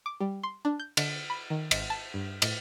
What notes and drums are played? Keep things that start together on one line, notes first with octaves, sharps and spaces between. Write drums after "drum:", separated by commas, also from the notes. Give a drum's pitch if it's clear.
D6
G3
C6
D4
G6
D3, drum: cymbal
B5
D#3
G#1, drum: cymbal
A5
G2
A2, drum: cymbal